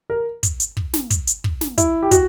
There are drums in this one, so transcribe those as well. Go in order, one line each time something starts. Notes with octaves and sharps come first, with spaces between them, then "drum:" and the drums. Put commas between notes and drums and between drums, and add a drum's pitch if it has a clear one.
A#4
drum: kick, hi-hat
drum: hi-hat
drum: kick
drum: snare
drum: kick, hi-hat
drum: hi-hat
drum: kick
drum: snare
E4, drum: kick, hi-hat
G4
F#4, drum: kick, hi-hat